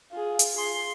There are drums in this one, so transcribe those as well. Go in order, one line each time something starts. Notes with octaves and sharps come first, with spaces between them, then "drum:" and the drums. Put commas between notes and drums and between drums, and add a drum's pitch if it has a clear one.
F4 G#4
drum: hi-hat
G#4 C6